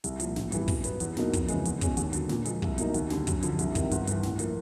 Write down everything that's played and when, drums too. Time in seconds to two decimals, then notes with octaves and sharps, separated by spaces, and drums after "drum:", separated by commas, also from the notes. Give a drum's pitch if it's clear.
0.04 C2, drum: hi-hat
0.20 F3, drum: hi-hat
0.25 A#2
0.36 A1, drum: snare
0.52 G2 E3 G3 B3, drum: hi-hat
0.68 B2, drum: kick, open hi-hat
0.84 F#3 B3, drum: hi-hat
1.00 E2, drum: hi-hat
1.17 B2 F#3 A#3 D#4, drum: snare
1.33 F2, drum: kick, hi-hat
1.48 C#3 E3 G#3, drum: hi-hat
1.65 E2, drum: hi-hat
1.81 B2 G#3 C#4, drum: kick, hi-hat
1.97 D#2, drum: hi-hat
2.13 D3 F#3, drum: hi-hat
2.29 A#2, drum: snare
2.45 F3 G#3, drum: hi-hat
2.62 C2, drum: kick
2.78 B2 F#3 A#3 D#4, drum: hi-hat
2.94 D#2, drum: hi-hat
3.10 D3 G3, drum: snare
3.27 F#2, drum: kick, hi-hat
3.43 D3 F3, drum: hi-hat
3.59 C2, drum: hi-hat
3.75 C3 D#3, drum: kick, hi-hat
3.91 G1, drum: hi-hat
4.07 G2 E3, drum: hi-hat
4.23 A2, drum: snare
4.39 F3 A#3, drum: hi-hat